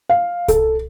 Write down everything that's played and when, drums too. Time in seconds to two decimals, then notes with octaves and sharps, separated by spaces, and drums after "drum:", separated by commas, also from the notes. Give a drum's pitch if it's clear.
0.09 F5
0.48 A4, drum: kick C2, hi-hat